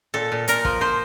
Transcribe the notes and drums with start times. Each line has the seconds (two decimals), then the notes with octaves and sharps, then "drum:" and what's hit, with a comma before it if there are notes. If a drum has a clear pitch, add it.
0.14 A#2 A4
0.32 A#2
0.48 A#2 A#4, drum: hi-hat
0.65 F3, drum: kick
0.81 F3 C5